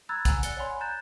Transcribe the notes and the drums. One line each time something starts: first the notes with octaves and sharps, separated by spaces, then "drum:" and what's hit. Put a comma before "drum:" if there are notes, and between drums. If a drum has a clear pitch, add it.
A#5 B5 E6 F#6 G#6 A6
F#5 G#5 A#5 E6, drum: kick, hi-hat
D5 F#6 A6 C#7 G7, drum: hi-hat
C#5 D5 F#5 G#5 B5 C6
A#5 F#6 G6 A6 E7